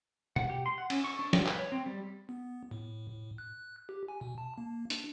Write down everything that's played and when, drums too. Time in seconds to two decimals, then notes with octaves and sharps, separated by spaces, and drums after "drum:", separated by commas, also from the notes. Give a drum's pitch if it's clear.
0.36 F#5, drum: tom B2
0.50 G4
0.66 C6
0.78 F#5
0.90 C#4, drum: cymbal
1.04 C#6
1.19 D4
1.33 F#3, drum: snare
1.47 B4, drum: clap
1.59 C#5
1.72 C4
1.86 G3
2.29 B3
2.71 A2
3.09 A2
3.38 F#6
3.89 G4
4.08 G#5
4.21 B2
4.38 A5
4.58 A#3
4.90 D4, drum: hi-hat